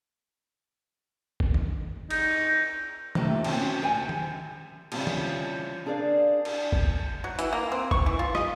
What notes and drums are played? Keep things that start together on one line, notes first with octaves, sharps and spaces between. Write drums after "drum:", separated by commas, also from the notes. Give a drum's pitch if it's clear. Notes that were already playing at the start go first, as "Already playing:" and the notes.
drum: kick G1
drum: tom D#3
D#4, drum: cymbal
F2 C3 D#3 A3 A#3, drum: tom D#3
C4 C#4 F#4, drum: cymbal
D2 G5 G#5
drum: tom D#3
C#3 E3 G3 C4 F4 G4, drum: cymbal
drum: tom D#3
D4 G#4 A#4 D5 F5
drum: cymbal
drum: kick G1
F#3
E3, drum: hi-hat
A#3
C4
C#6, drum: kick G1
E3
F4
D#5, drum: rim click